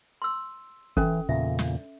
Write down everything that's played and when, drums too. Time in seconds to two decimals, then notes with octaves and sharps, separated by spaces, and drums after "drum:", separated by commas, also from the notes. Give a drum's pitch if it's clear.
0.22 C6 E6
0.97 E3 C#4 A4, drum: kick
1.29 E2 A#2 C#3 E5
1.59 drum: snare